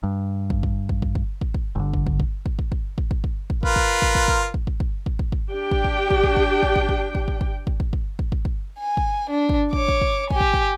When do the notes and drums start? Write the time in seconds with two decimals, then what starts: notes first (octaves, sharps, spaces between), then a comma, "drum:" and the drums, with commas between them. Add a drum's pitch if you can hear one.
0.03 G2
0.50 drum: kick
0.63 drum: kick
0.89 drum: kick
1.02 drum: kick
1.15 drum: kick
1.41 drum: kick
1.54 drum: kick
1.75 G1 D3
1.93 drum: kick
2.07 drum: kick
2.20 drum: kick
2.46 drum: kick
2.59 drum: kick
2.72 drum: kick
2.98 drum: kick
3.11 drum: kick
3.24 drum: kick
3.50 drum: kick
3.63 F4 A#4 B4, drum: kick
3.76 drum: kick
4.02 drum: kick
4.15 drum: kick
4.28 drum: kick
4.54 drum: kick
4.67 drum: kick
4.80 drum: kick
5.06 drum: kick
5.19 drum: kick
5.32 drum: kick
5.50 D4 G4 G5
5.71 drum: kick
5.84 drum: kick
6.10 drum: kick
6.24 drum: kick
6.37 drum: kick
6.63 drum: kick
6.76 drum: kick
6.89 drum: kick
7.15 drum: kick
7.28 drum: kick
7.41 drum: kick
7.67 drum: kick
7.80 drum: kick
7.93 drum: kick
8.19 drum: kick
8.32 drum: kick
8.45 drum: kick
8.80 G#5
8.97 drum: kick
9.30 D4
9.49 drum: kick
9.73 C#5 D6, drum: kick
9.88 drum: kick
10.01 drum: kick
10.30 G4 G#5, drum: kick
10.41 drum: kick
10.54 drum: kick